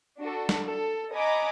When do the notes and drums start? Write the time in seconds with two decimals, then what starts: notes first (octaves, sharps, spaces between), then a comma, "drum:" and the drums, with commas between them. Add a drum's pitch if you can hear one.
0.20 D4 F#4 A4
0.49 drum: snare
0.67 A4
1.12 D#5 F#5 G#5 A#5 B5 D6